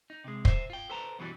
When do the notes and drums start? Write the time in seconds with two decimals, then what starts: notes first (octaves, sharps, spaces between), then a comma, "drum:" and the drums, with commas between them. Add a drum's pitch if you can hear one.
0.10 D#4
0.24 C3 G#3
0.45 C5 C#5 E5, drum: kick
0.70 F4 G5
0.89 A4 B4 C5 A5 A#5
1.19 F#2 B2 E3 F#3 G3